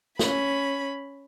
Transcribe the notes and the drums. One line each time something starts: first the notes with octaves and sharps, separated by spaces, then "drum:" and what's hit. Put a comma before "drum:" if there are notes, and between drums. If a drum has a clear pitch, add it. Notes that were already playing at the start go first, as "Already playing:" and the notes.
C#4 B5, drum: snare